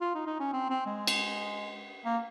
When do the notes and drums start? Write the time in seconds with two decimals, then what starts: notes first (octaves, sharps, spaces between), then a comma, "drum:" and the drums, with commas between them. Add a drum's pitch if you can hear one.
0.01 F4
0.15 D#4
0.27 D#4
0.39 C#4
0.53 C4
0.70 C4
0.86 G#3
1.07 drum: cymbal
2.05 A#3